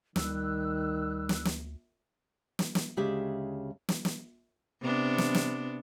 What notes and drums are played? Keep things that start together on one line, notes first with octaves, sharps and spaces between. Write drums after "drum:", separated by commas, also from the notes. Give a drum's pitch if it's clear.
D2 D#3 G3 E6 F#6, drum: snare
drum: snare
drum: snare
drum: snare
drum: snare
D2 C#3 G#3 G4 E5
drum: snare
drum: snare
C3 B3 D4
drum: snare
drum: snare